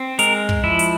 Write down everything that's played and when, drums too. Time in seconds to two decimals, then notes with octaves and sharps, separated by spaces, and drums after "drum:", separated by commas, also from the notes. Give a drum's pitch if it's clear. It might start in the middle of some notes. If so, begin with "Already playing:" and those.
Already playing: C4
0.19 G#3 A#4, drum: hi-hat
0.49 drum: kick
0.64 F3 E4
0.79 drum: hi-hat